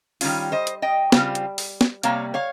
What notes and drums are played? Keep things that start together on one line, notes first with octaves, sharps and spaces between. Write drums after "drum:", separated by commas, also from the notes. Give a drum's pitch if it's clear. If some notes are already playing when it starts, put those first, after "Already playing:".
D#3 G3 C#4 F4, drum: open hi-hat
C5 D#5
drum: hi-hat
D#5 G5
C#3 G3 C4 F4, drum: snare
drum: hi-hat
drum: open hi-hat
drum: snare
C3 G3 A#3 C#5 F5, drum: hi-hat
C#5 F5